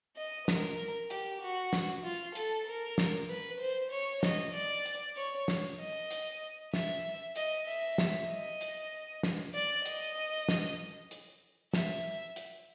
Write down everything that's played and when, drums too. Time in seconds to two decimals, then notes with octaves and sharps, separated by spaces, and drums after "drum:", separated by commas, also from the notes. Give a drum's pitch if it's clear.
0.16 D#5
0.48 A#4, drum: snare
1.10 G4, drum: hi-hat
1.41 F#4
1.73 drum: snare
2.04 F4
2.35 A4, drum: hi-hat
2.67 A#4
2.98 drum: snare
3.29 B4
3.60 C5
3.92 C#5
4.23 D#5, drum: snare
4.54 D5
4.86 drum: hi-hat
5.17 C#5
5.48 drum: snare
5.80 D#5
6.11 drum: hi-hat
6.74 E5, drum: snare
7.36 D#5, drum: hi-hat
7.67 E5
7.98 drum: snare
8.30 D#5
8.61 drum: hi-hat
9.23 drum: snare
9.54 D5
9.85 D#5, drum: hi-hat
10.49 drum: snare
11.11 drum: hi-hat
11.73 E5, drum: snare
12.36 drum: hi-hat